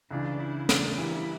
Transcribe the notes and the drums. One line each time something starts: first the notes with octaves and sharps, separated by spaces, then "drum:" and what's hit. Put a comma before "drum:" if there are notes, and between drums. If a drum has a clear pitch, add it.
C#2 C#3 E3 D4
E4
D4, drum: snare
E3 G3 A#3 E4